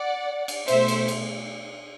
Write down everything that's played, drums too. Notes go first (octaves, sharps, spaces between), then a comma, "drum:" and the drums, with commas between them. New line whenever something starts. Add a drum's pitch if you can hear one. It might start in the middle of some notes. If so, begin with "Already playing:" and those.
Already playing: D5 F#5
drum: cymbal
B2 A3 C5 E5, drum: cymbal
drum: cymbal
drum: cymbal